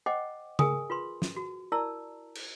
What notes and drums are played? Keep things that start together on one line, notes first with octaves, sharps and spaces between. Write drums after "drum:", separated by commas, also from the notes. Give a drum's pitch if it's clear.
C5 D#5 F#5 G5 D6
G#4 A#4 G#5 D#6, drum: tom C#3
F4 B4 C6
drum: snare
F#4
E4 A#4 D5 A5 A#5 E6
drum: cymbal